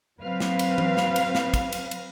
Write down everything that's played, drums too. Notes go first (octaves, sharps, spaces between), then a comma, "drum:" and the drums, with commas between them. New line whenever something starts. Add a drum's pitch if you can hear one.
F#3 C4 B4 F5
drum: snare
drum: cymbal
drum: tom E3
drum: snare
drum: cymbal
drum: snare
drum: kick, cymbal
drum: cymbal
drum: cymbal